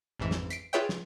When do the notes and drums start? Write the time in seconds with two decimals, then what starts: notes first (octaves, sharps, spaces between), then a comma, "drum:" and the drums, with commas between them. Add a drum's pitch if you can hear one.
0.20 A1 F2 G#2 E3
0.31 drum: snare
0.50 B6 C7 D7, drum: hi-hat
0.73 F4 G#4 B4 C#5 E5 G5
0.89 drum: snare